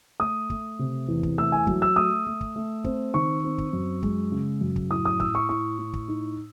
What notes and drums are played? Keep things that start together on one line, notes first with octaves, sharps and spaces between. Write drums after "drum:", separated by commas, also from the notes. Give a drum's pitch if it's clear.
A3 D#6
A3, drum: kick
C3
E2
drum: kick
A3 E6
G#5
F#3, drum: kick
E6
A3 D#6
A3
drum: kick
A3
C4, drum: kick
D#3 C#6
C4
drum: kick
F#2
G#3, drum: kick
C#3
F#2
drum: kick
A2 D#6
D#6
A2 E6, drum: kick
C#6
A2 C#6
A2
drum: kick
D#4